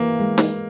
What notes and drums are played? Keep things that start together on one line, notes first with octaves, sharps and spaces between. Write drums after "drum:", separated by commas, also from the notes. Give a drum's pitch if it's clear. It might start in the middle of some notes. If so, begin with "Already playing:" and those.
Already playing: E3 A#3
G#3
drum: snare